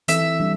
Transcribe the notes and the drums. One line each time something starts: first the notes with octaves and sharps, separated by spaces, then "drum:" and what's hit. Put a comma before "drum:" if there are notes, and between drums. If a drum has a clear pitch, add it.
E3 C4 E4 A4 E5, drum: hi-hat
G3 D4